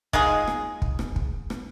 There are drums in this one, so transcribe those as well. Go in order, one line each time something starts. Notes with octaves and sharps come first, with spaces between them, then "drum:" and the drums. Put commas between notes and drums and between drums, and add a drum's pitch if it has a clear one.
G#3 D#4 F4 G#4, drum: kick
drum: rim click
drum: kick
drum: rim click
drum: kick
drum: rim click